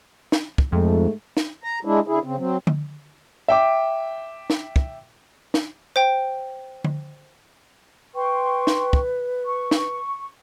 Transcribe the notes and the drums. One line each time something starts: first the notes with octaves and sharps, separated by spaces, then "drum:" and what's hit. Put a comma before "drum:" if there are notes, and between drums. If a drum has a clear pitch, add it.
drum: snare
drum: kick
F2 G#2 G#3 A3
drum: snare
A#5
G#3 D4 E4
D3 E4 G#4
C#3 C4
F#3 C4
drum: tom D3
E5 G5 D6
drum: snare
drum: kick
drum: snare
C5 G5
drum: tom D3
B4 G5 C6 C#6
drum: snare
drum: kick
C#6
drum: snare